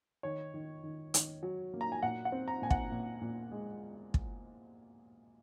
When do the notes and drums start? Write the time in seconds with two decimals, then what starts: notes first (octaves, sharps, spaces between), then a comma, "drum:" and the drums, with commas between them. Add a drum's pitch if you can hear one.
0.23 D#3 C#5
0.54 D#3
0.83 D#3
1.14 D#3, drum: hi-hat
1.43 F#3
1.74 A#3
1.81 A#5
1.92 G#5
2.03 A#2 F#5
2.25 F#5
2.32 C4
2.48 A#5
2.62 A#2 G#5
2.70 F#5, drum: kick
2.92 A#2
3.21 A#2
3.52 G#3
4.14 drum: kick